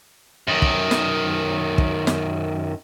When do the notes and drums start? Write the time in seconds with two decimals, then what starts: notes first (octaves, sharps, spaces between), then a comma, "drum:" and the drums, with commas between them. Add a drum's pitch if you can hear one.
0.48 F#2 D#3
0.62 drum: kick
0.91 drum: snare
1.78 drum: kick
2.07 drum: snare